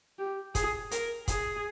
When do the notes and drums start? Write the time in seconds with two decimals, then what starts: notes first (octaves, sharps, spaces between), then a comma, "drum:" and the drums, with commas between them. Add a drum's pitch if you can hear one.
0.19 G4
0.55 G#4, drum: kick, hi-hat
0.91 A#4, drum: hi-hat
1.28 G#4, drum: kick, hi-hat